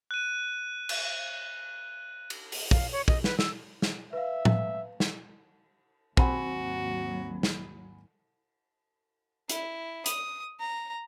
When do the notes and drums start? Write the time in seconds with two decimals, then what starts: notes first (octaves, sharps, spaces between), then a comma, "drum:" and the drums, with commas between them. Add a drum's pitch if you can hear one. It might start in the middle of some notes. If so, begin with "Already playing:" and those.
0.11 F#6 D#7
0.89 drum: cymbal
2.30 drum: cymbal
2.52 drum: open hi-hat
2.71 F5, drum: kick
2.92 C#5
3.08 D#5, drum: kick
3.24 B4, drum: snare
3.39 E6, drum: snare
3.82 drum: snare
4.13 B4 E5 F5
4.45 drum: tom A2
5.00 drum: snare
6.17 G#1 D#2 F#3 C4 F#4 F#5 G#5 B5, drum: kick
7.43 drum: snare
9.49 E4, drum: hi-hat
10.06 D#6, drum: hi-hat
10.60 A#5